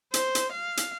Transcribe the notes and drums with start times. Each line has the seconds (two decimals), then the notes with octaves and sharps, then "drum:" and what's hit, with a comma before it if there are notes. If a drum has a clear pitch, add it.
0.14 C5, drum: hi-hat
0.35 drum: hi-hat
0.52 F5
0.77 drum: hi-hat